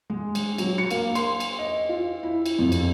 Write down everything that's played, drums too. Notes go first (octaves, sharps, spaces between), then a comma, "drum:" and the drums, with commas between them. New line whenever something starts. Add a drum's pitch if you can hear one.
G#3
drum: cymbal
F#3, drum: cymbal
C#7
A#3, drum: cymbal
C6, drum: cymbal
drum: cymbal
D#5
F4
E4
drum: cymbal
F2
drum: cymbal